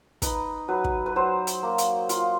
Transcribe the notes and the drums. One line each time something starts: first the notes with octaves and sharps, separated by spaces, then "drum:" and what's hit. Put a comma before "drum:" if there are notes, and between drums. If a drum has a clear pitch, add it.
D#4 B4, drum: kick, hi-hat
F#3 B4
drum: kick
B4
F#3 C5
drum: hi-hat
A#3
drum: hi-hat
F4, drum: hi-hat